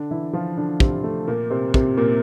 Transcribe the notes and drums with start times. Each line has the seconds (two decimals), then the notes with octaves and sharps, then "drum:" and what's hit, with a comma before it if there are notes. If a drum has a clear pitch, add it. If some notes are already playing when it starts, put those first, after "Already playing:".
Already playing: D3 D4
0.11 E3 E4
0.33 F3 F4
0.57 D3 D4
0.80 C3 C4, drum: kick
1.04 A3
1.27 A#2 A#3
1.51 C3 C4
1.74 C3 C4, drum: kick
1.97 A#2 A#3